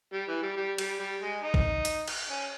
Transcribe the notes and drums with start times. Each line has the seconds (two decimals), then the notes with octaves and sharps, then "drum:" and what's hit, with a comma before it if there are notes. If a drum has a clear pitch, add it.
0.13 G3
0.28 E3
0.43 G3
0.57 G3
0.78 G3, drum: cymbal
1.00 G3
1.22 G#3
1.43 D#4
1.54 drum: kick
1.85 drum: hi-hat
2.08 drum: cymbal
2.29 C#4